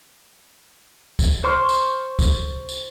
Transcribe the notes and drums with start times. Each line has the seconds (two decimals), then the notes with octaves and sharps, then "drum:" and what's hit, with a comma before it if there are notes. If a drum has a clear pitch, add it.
1.19 drum: kick, tambourine
1.44 C5 C6 C#6 F6
1.69 drum: tambourine
2.19 drum: kick, tambourine
2.69 drum: tambourine